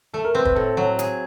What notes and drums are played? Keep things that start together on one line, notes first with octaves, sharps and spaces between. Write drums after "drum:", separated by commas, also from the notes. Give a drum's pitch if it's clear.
A3 A4
A#4
C4 B4
B4, drum: kick
A2 A4
F#3
G#4, drum: hi-hat